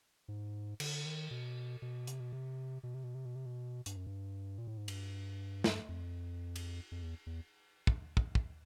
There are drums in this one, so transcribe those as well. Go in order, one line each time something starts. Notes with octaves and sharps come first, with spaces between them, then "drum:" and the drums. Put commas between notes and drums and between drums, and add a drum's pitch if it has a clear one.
G#2
D3, drum: cymbal
D#3
B2
B2
C3, drum: hi-hat
B2
C3
B2
C3
B2
C3
B2
C3
B2
G2, drum: hi-hat
F#2
G2
A#2
A2
G#2
G2, drum: cymbal
drum: snare
F2
drum: cymbal
F2
E2
E2
drum: kick
drum: kick
drum: kick